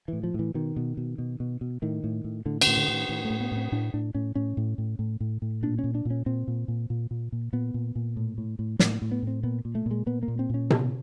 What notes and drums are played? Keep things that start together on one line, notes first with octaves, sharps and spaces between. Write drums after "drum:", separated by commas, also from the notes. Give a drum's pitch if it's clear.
A2 E3
F3
A2 E3
B2 D#3
B2
B2
B2
B2
B2
A2 D#3
A2
A2
A2 D3
D3, drum: cymbal
A2
D3
A2 D#3
A2 D#3
A3
A2
B3
A2 C4
A2 D4
A2 D4
A2 C#4
A2 C#4
A2
A2
A2
A2
A2
A#2 D4
C#4
A#2
D4
A#2
C#4
A#2 C4
A#2
A#2
A#2
A#2
A#2
A#2 B3
A#2
A#2
A2
A2
A2
A2 A#3, drum: snare
A2
B3
A2 C4
A#2 B3
A#2
A3
A#2 G#3
A#2 B3
A#3
A#2
C4
A#2 C#4
B2, drum: tom C3